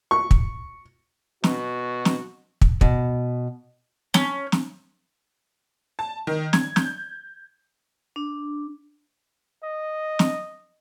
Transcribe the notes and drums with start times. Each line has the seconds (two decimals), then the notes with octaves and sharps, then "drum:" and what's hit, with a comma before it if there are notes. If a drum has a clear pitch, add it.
0.11 C#6
0.31 drum: kick
1.44 B2 F#4, drum: snare
2.05 drum: snare
2.61 drum: kick
2.81 B2, drum: kick
4.14 C#4, drum: snare
4.52 drum: snare
5.99 A5
6.27 D#3
6.53 G#6, drum: snare
6.76 G6, drum: snare
8.16 D4
9.64 D#5
10.19 drum: snare